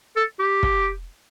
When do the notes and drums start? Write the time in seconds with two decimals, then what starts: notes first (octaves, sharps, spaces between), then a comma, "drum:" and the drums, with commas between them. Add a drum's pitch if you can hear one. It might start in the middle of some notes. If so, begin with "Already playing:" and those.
0.16 A4
0.39 G4
0.63 drum: kick